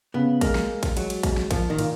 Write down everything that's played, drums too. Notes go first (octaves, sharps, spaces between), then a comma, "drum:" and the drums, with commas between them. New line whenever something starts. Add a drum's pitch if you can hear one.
C#3 B3
G#3 A#3, drum: kick A1, cymbal
drum: snare
G#3
drum: kick A1, cymbal
F#3 G#3, drum: cymbal
drum: cymbal
G#3, drum: kick A1, cymbal
drum: snare
A#2 F3, drum: kick A1, cymbal
D#3
A#2, drum: cymbal